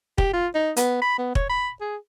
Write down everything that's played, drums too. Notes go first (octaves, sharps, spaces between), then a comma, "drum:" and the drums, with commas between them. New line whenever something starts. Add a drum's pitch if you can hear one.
G4, drum: kick
F4
D#4
B3, drum: hi-hat
B5
B3
C#5, drum: kick
B5
G#4